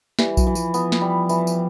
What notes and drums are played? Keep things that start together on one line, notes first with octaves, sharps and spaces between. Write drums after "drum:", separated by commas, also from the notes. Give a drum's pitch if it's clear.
E3 G3, drum: snare
F#3, drum: kick B1, tambourine
E3
F3, drum: tambourine
B3, drum: tambourine
drum: snare
G3
E3, drum: tambourine
drum: tambourine